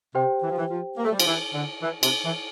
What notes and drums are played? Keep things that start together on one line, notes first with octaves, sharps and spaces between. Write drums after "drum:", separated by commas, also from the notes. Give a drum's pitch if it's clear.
C3 G4 C5 G5
E3
F3
E3
F3
A#3
A3
G3
F3, drum: cymbal
E3
D3
E3
C3, drum: cymbal
E3